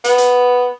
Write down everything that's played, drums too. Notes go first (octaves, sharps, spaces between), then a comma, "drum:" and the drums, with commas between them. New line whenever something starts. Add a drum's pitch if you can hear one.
B3, drum: hi-hat
drum: hi-hat